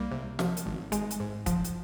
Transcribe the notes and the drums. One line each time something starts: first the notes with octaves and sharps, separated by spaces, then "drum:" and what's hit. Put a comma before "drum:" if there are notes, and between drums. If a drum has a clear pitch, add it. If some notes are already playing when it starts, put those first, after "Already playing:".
Already playing: C2 G3 A#3
C3
F3, drum: snare
drum: hi-hat
G#1
G#1 G#3, drum: hi-hat
drum: hi-hat
G#2
F3, drum: kick, hi-hat
drum: hi-hat